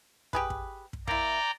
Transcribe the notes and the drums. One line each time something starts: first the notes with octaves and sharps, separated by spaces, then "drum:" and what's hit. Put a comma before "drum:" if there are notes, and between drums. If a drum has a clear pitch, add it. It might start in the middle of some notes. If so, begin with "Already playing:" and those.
G4 G#4 B4, drum: kick
drum: kick
drum: kick
A#3 E4 D5 G5 A#5, drum: kick